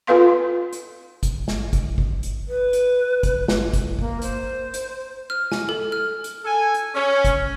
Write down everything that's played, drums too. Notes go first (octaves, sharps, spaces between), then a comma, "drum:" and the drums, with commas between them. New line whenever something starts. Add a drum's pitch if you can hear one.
F4 A4 B4 F5 C6
drum: hi-hat
drum: kick, hi-hat
drum: snare
drum: kick, hi-hat
drum: kick
drum: hi-hat
B4
drum: hi-hat
drum: kick, hi-hat
drum: snare
drum: kick, hi-hat
A#3, drum: kick
C5, drum: hi-hat
drum: hi-hat
F6
G#5, drum: snare
A4
F6
drum: hi-hat
A4 G#5
drum: hi-hat
C#4
drum: kick, hi-hat